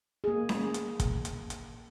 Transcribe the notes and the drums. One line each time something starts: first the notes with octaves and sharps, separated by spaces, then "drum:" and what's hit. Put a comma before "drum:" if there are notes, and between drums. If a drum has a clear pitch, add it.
A#3 G#4
drum: snare C#4
drum: hi-hat
drum: kick, hi-hat
drum: hi-hat
drum: hi-hat